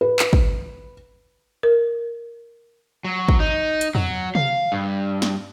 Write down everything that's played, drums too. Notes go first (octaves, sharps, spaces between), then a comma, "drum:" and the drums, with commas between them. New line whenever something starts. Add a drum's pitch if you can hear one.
B4
drum: clap
drum: kick
A#4
F#3
drum: kick
D#4
drum: hi-hat
F#3, drum: tom E2
F5, drum: tom C3
G2
drum: snare